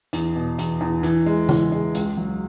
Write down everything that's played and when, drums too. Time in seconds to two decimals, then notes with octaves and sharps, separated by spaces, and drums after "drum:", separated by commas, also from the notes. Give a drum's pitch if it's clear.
0.13 E2, drum: hi-hat
0.36 B2
0.59 E2, drum: hi-hat
0.81 E2
1.03 E3, drum: hi-hat
1.26 G#3
1.49 E3, drum: tom C#3
1.72 G#3
1.95 C#2, drum: hi-hat
2.17 F#3